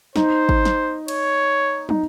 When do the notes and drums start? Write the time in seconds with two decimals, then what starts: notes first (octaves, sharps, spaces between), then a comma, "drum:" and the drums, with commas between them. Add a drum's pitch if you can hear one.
0.16 D#4 C5, drum: snare
0.49 drum: kick G#1
0.65 drum: snare
1.08 C#5, drum: cymbal
1.89 D#4, drum: tom